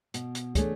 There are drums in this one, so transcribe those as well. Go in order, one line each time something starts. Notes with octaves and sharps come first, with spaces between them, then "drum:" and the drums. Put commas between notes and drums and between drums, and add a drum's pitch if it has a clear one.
B2, drum: hi-hat
drum: hi-hat
A3 D4 G#4 C#5, drum: kick, hi-hat